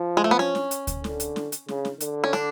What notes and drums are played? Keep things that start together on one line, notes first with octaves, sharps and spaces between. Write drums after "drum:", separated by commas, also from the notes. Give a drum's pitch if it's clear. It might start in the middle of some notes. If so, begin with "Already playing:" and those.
Already playing: F3
G#3
A3
B3
C#4, drum: snare
drum: snare
drum: hi-hat
drum: kick D2, hi-hat
D3, drum: snare
drum: hi-hat
drum: snare
drum: hi-hat
C#3, drum: snare
drum: snare
D3, drum: hi-hat
C#4
D4, drum: snare